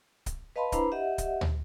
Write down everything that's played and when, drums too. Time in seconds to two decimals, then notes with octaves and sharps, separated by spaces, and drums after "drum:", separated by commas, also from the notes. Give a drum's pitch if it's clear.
0.26 drum: kick C#1, hi-hat
0.56 B4 D#5 F5 A5 B5 C6
0.72 D4 E4 B4 C5 A#5 B5, drum: kick C#1, hi-hat
0.92 G4 D#5 E5 F#5
1.18 drum: kick C#1, hi-hat
1.41 drum: tom